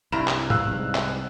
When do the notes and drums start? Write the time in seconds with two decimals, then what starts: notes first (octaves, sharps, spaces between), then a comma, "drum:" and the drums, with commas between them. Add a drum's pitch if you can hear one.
0.12 C2 G2 E4 A#5 E7
0.28 drum: clap
0.50 F5 E6 F#6, drum: tom G#2
0.68 C2 G#2
0.95 drum: clap